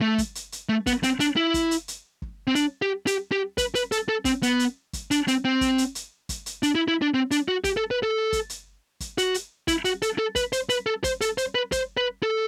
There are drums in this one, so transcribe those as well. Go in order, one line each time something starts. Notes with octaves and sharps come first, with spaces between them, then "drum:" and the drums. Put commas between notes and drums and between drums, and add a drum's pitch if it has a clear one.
A3
drum: kick, hi-hat
drum: hi-hat
drum: hi-hat
A3
B3, drum: kick, hi-hat
C4, drum: hi-hat
D4, drum: hi-hat
E4
drum: kick, hi-hat
drum: hi-hat
drum: hi-hat
drum: kick
C4
D4, drum: hi-hat
G4
G4, drum: hi-hat
G4
B4, drum: kick, hi-hat
B4, drum: hi-hat
A4, drum: hi-hat
A4
C4, drum: kick, hi-hat
B3, drum: hi-hat
drum: hi-hat
drum: kick, hi-hat
D4, drum: hi-hat
C4, drum: hi-hat
C4
drum: kick, hi-hat
drum: hi-hat
drum: hi-hat
drum: kick, hi-hat
drum: hi-hat
D4, drum: hi-hat
E4
E4
D4
C4
D4, drum: hi-hat
F#4
G4, drum: kick, hi-hat
A4
B4
A4
drum: kick, hi-hat
drum: hi-hat
drum: kick, hi-hat
F#4, drum: hi-hat
drum: hi-hat
E4, drum: kick, hi-hat
F#4, drum: hi-hat
A4, drum: hi-hat
A4
B4, drum: kick, hi-hat
C5, drum: hi-hat
B4, drum: hi-hat
A4
C5, drum: kick, hi-hat
A4, drum: hi-hat
C5, drum: hi-hat
B4
C5, drum: kick, hi-hat
B4
A4